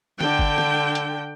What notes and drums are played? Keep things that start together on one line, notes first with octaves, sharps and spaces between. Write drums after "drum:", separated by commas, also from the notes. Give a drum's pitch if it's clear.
D3 G5, drum: snare
drum: kick G1
drum: snare
drum: hi-hat